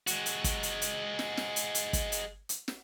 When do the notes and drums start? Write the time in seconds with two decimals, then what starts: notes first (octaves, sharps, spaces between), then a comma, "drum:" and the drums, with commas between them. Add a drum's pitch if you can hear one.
0.07 G#3 F#4, drum: hi-hat
0.26 drum: hi-hat
0.44 drum: kick, hi-hat
0.63 drum: hi-hat
0.82 drum: hi-hat
1.19 drum: snare
1.37 drum: snare
1.56 drum: hi-hat
1.75 drum: hi-hat
1.93 drum: kick, hi-hat
2.12 drum: hi-hat
2.49 drum: hi-hat
2.68 drum: snare